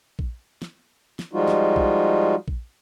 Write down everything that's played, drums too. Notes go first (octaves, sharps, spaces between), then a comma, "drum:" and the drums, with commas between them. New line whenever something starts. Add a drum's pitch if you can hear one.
drum: kick A#1
drum: snare
drum: snare
F3 G3 G#3 D#4 F4 F#4
drum: snare
drum: kick A#1
drum: kick A#1